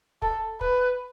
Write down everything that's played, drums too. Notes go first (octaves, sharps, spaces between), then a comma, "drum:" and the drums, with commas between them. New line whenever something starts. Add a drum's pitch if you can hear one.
A4, drum: kick
B4, drum: kick